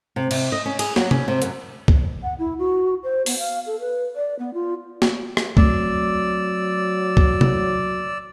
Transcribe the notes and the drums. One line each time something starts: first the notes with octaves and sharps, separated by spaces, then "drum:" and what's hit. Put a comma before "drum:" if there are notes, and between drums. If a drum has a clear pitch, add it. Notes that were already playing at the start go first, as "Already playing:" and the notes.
C3
C3, drum: cymbal
D#5
C#4
G#4, drum: cymbal
F#3, drum: snare
C#4, drum: tom
C3
F#2, drum: hi-hat
drum: kick
F#5
E4
F#4
C5
B3, drum: open hi-hat
F5
A4
B4
D5
B3
F4
drum: snare
drum: rim click
F#3 A3 C4 D5 E6, drum: kick
drum: kick
drum: tom